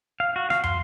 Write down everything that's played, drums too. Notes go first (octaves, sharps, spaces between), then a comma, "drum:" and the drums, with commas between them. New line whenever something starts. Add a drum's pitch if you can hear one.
F5
F#4
F5, drum: rim click
C6, drum: tom